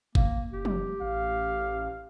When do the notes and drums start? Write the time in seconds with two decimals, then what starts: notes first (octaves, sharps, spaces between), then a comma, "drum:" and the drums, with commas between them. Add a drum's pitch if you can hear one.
0.15 A#3, drum: kick
0.53 F#1 G4
0.65 drum: tom
1.02 A1 F5